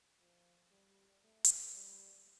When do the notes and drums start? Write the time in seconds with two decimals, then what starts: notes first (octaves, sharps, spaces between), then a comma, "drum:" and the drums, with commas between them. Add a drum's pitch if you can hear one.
0.20 F3
0.72 G3
1.23 A3
1.44 drum: hi-hat
1.75 G3